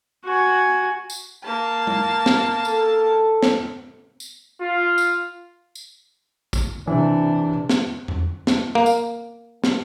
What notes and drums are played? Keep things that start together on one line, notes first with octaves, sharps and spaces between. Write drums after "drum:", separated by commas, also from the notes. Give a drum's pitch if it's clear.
F#4 G#5
drum: tambourine
A#3 A5
drum: tom G#3
drum: snare
A4, drum: tambourine
drum: snare
drum: tambourine
F4
drum: tambourine
drum: tambourine
drum: kick, tambourine
C3 E3 D4
drum: snare
drum: tom E2
drum: snare
A#3
drum: tambourine
drum: snare